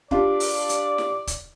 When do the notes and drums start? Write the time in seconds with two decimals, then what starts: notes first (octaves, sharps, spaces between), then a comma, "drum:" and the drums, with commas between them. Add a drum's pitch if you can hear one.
0.11 D4 F4 G4 D5, drum: kick
0.40 drum: open hi-hat
0.69 drum: hi-hat
0.98 drum: snare
1.27 drum: kick, hi-hat